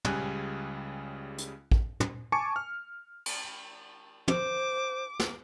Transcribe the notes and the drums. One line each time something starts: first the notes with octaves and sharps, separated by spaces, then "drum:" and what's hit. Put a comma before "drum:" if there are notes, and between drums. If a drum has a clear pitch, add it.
C#2 C#3 G3 G#5 F#6, drum: tom
drum: hi-hat
drum: kick
drum: tom
G#5 A5 C#6 D6 C#7
F6
drum: cymbal
C5 D6, drum: tom
drum: snare